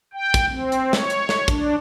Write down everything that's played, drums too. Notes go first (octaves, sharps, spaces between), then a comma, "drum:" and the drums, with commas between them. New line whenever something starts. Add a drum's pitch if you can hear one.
G5
drum: kick, hi-hat
C4
drum: hi-hat
C#5, drum: snare
drum: hi-hat
drum: snare
D4, drum: kick, hi-hat